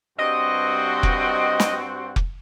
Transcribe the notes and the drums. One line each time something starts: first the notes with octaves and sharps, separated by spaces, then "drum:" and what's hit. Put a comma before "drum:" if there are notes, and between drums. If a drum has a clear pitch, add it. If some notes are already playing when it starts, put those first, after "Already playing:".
G2 C4 F#4 D#5
drum: kick F1
drum: snare
drum: kick F1